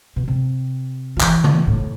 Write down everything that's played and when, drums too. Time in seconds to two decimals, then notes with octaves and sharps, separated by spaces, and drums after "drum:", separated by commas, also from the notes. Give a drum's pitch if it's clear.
0.16 B2
0.28 C3
1.17 F3
1.21 E3, drum: clap
1.44 drum: tom C#3
1.67 A2